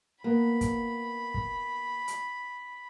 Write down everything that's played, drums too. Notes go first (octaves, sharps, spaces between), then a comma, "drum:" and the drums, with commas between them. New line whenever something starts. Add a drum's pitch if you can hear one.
A#3 B3 B5
drum: kick, hi-hat
drum: kick
drum: hi-hat